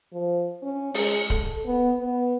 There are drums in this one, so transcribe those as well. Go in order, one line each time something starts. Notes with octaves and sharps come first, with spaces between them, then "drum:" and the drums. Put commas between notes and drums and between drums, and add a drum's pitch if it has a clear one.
F3
C#4
G#3, drum: open hi-hat
A4, drum: kick D1
B3
B3